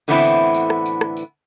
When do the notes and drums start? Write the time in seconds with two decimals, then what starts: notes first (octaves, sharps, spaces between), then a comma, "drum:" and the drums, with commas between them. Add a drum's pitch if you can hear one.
0.08 A2 D3 E3 B3 C4 E4
0.23 drum: tambourine
0.55 drum: tambourine
0.70 drum: rim click
0.86 drum: tambourine
1.01 drum: rim click
1.17 drum: tambourine